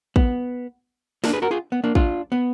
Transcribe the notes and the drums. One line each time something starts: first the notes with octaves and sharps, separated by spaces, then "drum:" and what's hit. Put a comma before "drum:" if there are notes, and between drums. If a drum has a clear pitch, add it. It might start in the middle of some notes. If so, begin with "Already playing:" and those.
B3, drum: kick
A#3 D4, drum: snare
G#4 B4
F#4 A#4
F4 G#4
B3
A#3 D4
D4 F4, drum: kick
B3